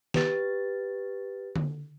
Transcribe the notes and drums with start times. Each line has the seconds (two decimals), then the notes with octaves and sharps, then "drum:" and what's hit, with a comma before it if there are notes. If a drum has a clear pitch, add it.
0.14 G4 B4 A6, drum: snare
1.56 drum: tom D3